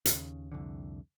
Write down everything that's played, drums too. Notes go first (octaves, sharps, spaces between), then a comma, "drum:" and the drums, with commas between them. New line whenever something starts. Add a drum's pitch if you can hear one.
D#2 C#3, drum: hi-hat
C2 F2 D3